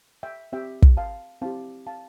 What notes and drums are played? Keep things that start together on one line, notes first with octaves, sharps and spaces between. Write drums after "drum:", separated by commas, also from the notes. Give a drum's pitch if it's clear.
E5 G5
C4 G4 E5 G5
drum: kick
F5 A5
C4 E4 G4 F5 A5
F5 A5